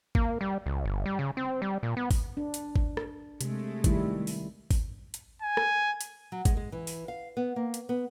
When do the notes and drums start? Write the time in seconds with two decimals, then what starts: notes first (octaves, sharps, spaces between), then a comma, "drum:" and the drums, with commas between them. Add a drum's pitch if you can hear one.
0.15 A#3, drum: kick G#1
0.41 G3
0.66 C#2
0.85 G1
1.06 G3
1.19 C#3
1.37 C4
1.62 G3
1.83 A#2
1.97 B3
2.11 drum: kick G#1, open hi-hat
2.37 D4
2.54 drum: hi-hat
2.76 drum: kick G#1
2.97 drum: rim click
3.41 C3 G#3 A3, drum: hi-hat
3.84 D#3 G3 E4, drum: kick G#1, hi-hat
4.27 drum: open hi-hat
4.71 drum: kick G#1, open hi-hat
5.14 drum: hi-hat
5.42 G#5
5.57 drum: rim click
6.01 drum: hi-hat
6.32 F#3
6.45 G#3, drum: kick G#1, hi-hat
6.57 G#3
6.72 E3
6.87 drum: open hi-hat
7.08 F5
7.37 B3
7.56 A#3
7.74 drum: hi-hat
7.89 B3